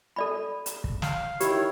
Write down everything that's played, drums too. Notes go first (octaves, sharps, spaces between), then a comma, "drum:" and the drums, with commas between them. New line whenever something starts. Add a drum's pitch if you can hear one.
A4 D5 B5
drum: hi-hat
drum: kick
F5, drum: snare
D#3 E4 G4 C#5, drum: hi-hat